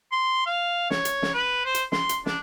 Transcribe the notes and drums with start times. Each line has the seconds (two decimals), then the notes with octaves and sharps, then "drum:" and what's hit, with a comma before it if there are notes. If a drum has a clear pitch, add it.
0.12 C6
0.46 F5
0.90 C#5, drum: snare
1.05 drum: hi-hat
1.22 drum: snare
1.34 B4
1.65 C5
1.75 drum: hi-hat
1.92 C6, drum: snare
2.09 drum: hi-hat
2.26 D4, drum: snare